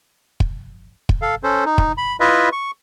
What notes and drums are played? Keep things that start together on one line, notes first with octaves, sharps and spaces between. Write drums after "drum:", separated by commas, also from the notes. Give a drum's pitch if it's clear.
drum: kick
drum: kick
A4 F5
C#4 A4 C5
D#4
drum: kick
B5
E4 F4 B4 D#5 E5
C#6